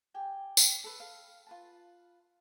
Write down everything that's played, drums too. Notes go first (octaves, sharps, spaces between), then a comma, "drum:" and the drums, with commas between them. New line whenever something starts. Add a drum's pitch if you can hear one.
G4 G5 G#5
drum: tambourine
A4 B4
F5
F4 B4 A5